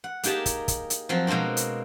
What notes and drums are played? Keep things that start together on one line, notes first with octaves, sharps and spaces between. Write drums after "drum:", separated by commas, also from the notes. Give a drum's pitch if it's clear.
F#5
A#3 D#4 G4 G#4 A5, drum: hi-hat
drum: kick, hi-hat
drum: kick, hi-hat
drum: hi-hat
F3 F#3 C4
B2 G#3 A#3 C4 D4
drum: hi-hat